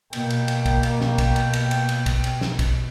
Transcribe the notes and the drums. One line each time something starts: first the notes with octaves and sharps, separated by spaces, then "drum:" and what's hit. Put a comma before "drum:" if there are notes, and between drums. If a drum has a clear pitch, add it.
B2 A#3 G5, drum: cymbal
drum: cymbal
drum: cymbal
drum: kick, cymbal
drum: cymbal
drum: snare
drum: kick, cymbal
drum: cymbal
drum: cymbal
drum: cymbal
drum: cymbal
drum: kick, cymbal
drum: cymbal
drum: snare
drum: kick, cymbal